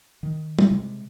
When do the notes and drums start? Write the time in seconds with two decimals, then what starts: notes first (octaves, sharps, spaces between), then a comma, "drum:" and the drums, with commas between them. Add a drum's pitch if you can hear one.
0.23 D#3
0.59 drum: tom
0.71 C3 G#3